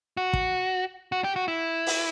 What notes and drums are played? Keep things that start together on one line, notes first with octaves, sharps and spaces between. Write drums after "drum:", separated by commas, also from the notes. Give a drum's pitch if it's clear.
F#4
drum: kick
F#4
G4
F#4
E4
drum: open hi-hat